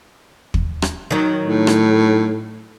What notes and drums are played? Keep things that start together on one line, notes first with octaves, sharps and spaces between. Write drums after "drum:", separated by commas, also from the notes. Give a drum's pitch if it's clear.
drum: kick
drum: rim click
D#3 F#3
A2
drum: rim click